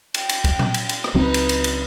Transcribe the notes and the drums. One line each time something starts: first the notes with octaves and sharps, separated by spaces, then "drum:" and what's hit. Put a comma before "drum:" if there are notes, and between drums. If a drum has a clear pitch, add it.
G5, drum: cymbal
drum: cymbal
drum: kick, cymbal
drum: tom A#2
drum: cymbal
drum: cymbal
drum: rim click
C#2 F#3 C4 D#4 B4
drum: cymbal
drum: cymbal
drum: cymbal